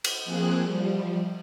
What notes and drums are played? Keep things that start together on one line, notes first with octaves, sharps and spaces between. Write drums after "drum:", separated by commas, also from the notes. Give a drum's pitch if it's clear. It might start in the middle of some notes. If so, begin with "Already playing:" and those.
drum: cymbal
F3 A#3 C4 G#4 F#6
F3 G3